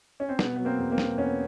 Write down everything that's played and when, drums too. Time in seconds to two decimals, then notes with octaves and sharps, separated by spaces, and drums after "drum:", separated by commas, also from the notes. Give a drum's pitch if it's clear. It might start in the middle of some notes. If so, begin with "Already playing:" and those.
0.20 C#4
0.29 C4
0.39 B2 B3, drum: snare
0.56 F#3 B3
0.65 A#3 C4
0.78 E2
0.91 A#3 C4
0.98 B2, drum: snare
1.17 E2 B3 C#4